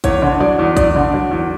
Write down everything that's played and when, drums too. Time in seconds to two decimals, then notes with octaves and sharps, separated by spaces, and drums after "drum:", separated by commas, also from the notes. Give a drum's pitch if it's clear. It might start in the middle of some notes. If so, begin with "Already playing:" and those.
0.04 E2 C#5, drum: kick A1, hi-hat
0.22 D3
0.40 F#3 D5
0.59 E2
0.77 E2 D5, drum: kick A1, hi-hat
0.96 D3
1.13 F#3
1.31 E2